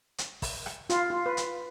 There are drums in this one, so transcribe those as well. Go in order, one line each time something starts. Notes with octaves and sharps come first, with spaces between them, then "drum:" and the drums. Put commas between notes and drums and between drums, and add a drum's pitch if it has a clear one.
drum: hi-hat
drum: kick, open hi-hat
drum: rim click
F4, drum: hi-hat
F4
B4
drum: hi-hat